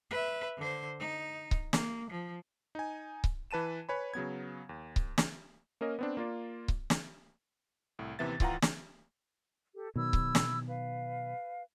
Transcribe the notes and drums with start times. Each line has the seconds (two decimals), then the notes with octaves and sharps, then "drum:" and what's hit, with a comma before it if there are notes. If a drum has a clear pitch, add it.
0.11 B4 E5
0.58 D3 C5
1.00 D#4
1.51 drum: kick C#1
1.73 A#3, drum: snare
2.10 F3
2.75 D#4 G#5
3.24 drum: kick C#1
3.51 E3 B4 A5 D#7 E7
3.89 B4 C#5 G#5 B5
4.14 C#3 F#3 B3 G#6
4.69 D#2
4.96 drum: kick C#1
5.18 drum: snare
5.81 A#3 C#4 A#4 D#5
5.99 B3 C4 D4
6.17 A#3 F4 D5
6.68 drum: kick C#1
6.90 drum: snare
7.99 C2 A2
8.19 D#2 C3 E3 B3 E5 A6
8.40 G#1 E3 F4 F#5 G5 A#5, drum: kick C#1
8.62 drum: snare
9.76 G4 A4
9.96 B2 D#3 F#3 B5 E6 G#6
10.13 drum: kick C#1
10.35 drum: snare
10.67 B4 F5